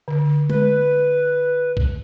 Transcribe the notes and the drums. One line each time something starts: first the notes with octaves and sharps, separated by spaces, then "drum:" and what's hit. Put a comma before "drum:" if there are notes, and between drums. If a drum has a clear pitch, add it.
D3
B4, drum: tom G#3
drum: kick B1